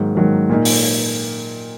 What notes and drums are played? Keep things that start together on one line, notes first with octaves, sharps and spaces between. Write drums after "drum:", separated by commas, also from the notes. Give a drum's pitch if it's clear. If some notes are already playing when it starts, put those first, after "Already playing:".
Already playing: G#2 D#3 F#3 A#3
G#2 D#3 F#3 A#3
A#2 A#3 D#4
drum: open hi-hat